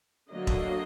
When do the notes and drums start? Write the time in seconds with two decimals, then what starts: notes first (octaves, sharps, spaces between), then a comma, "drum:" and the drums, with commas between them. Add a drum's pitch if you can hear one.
0.30 D3 F#3 A#3 D#5
0.47 drum: kick E1